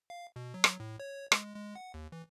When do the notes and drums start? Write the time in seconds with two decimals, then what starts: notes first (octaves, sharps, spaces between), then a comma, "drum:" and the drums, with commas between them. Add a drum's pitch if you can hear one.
0.10 F5
0.36 B2
0.54 F#3
0.64 drum: rim click
0.80 A2
1.00 C#5
1.32 G#3, drum: rim click
1.55 G#3
1.75 F#5
1.94 D#2
2.12 E3